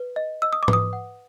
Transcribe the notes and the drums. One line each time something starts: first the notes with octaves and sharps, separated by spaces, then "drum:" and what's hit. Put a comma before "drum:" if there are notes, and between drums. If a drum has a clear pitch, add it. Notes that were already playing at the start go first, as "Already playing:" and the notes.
Already playing: B4
D#5
D#5 E6
D#6
D6
B4, drum: tom G#2
D#6
F#5